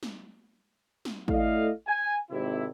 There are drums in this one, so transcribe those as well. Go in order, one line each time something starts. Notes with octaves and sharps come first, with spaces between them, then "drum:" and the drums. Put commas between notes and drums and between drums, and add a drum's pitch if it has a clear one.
drum: snare
drum: snare
A3 E4 A4 D5 D#5 F5, drum: kick
G#5
G#1 C3 E4